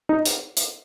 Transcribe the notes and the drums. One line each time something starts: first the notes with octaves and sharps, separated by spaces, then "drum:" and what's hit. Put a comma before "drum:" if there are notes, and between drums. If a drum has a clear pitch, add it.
D#4
drum: hi-hat
drum: hi-hat